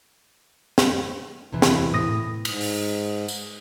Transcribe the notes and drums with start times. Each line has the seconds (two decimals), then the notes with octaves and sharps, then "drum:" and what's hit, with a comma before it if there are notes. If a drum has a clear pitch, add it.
0.78 drum: snare
1.52 E2 C3 E3 E4
1.62 drum: snare
1.93 A2 D#6 A#6
2.45 G#2, drum: cymbal
2.61 drum: open hi-hat
3.28 drum: tambourine